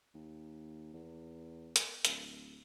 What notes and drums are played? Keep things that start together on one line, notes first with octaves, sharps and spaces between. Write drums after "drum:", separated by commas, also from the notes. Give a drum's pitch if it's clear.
D#2
E2
drum: hi-hat
D1, drum: hi-hat